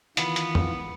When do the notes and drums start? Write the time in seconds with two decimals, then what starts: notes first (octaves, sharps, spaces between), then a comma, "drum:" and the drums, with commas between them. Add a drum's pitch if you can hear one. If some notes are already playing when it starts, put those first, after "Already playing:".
0.17 D#3 E3 B3 F4, drum: hi-hat
0.36 drum: hi-hat
0.55 drum: tom